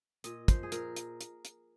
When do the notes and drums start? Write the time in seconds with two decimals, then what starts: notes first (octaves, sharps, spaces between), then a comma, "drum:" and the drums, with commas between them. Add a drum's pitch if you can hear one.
0.24 A#2 D#5, drum: hi-hat
0.48 F3 C5, drum: kick, hi-hat
0.63 G#4
0.72 A#2 A#4, drum: hi-hat
0.96 drum: hi-hat
1.21 drum: hi-hat
1.45 drum: hi-hat